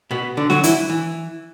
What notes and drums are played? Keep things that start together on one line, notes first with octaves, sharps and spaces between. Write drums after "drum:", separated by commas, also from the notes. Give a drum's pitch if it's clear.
B2 B3
D3 D4
F#3 F#4, drum: snare
E3 E4, drum: hi-hat
E3